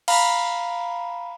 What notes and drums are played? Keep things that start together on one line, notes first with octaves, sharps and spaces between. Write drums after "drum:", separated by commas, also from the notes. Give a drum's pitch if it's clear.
F5 A#5 B5, drum: cymbal